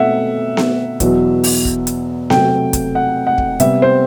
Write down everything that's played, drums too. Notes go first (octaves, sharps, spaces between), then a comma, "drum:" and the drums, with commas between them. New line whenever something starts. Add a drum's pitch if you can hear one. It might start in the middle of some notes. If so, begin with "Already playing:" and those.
Already playing: B2 A3 C4 E5 F#5
drum: snare B3
E2 B2 F#3 B3, drum: kick, hi-hat
drum: open hi-hat
drum: kick
drum: hi-hat
C3 F#3 A3 G5, drum: snare B3
drum: kick, hi-hat
F#5
F#5
drum: kick
C3 G3 B3 E5, drum: hi-hat
C5